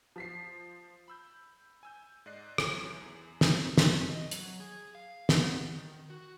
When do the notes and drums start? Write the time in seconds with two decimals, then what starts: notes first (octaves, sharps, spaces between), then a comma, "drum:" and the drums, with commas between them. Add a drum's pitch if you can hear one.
0.16 F3 B6 C7
1.08 B5 E6 G6
1.83 G#5 E6 G6
2.26 G#2 D5 D#5 F#6 C7
2.58 F#2 A2 D#3 E3 F#3 C#4, drum: rim click
3.02 E2 G#4
3.41 drum: snare
3.78 F#2, drum: snare
4.09 D#5
4.31 F#3, drum: hi-hat
4.60 G#4
4.95 F5
5.29 B3, drum: snare
5.76 D#3
6.10 F#4